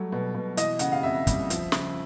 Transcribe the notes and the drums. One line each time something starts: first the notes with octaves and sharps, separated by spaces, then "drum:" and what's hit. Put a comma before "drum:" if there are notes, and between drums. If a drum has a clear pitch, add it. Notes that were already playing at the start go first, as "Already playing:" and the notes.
Already playing: F#3 G3 A3
B2
B2
E3 D#5, drum: hi-hat
C#3 F#5, drum: hi-hat
F5
F2 E5
G3, drum: kick, hi-hat
F3, drum: hi-hat
C#3, drum: snare